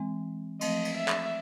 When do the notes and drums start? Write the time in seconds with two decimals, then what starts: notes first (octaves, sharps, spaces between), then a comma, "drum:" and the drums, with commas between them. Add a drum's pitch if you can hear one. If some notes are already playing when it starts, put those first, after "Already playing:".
Already playing: E3 G#3 C4
0.61 F3 A3 C4 D#5, drum: cymbal
0.85 drum: cymbal
0.97 E5
1.08 drum: clap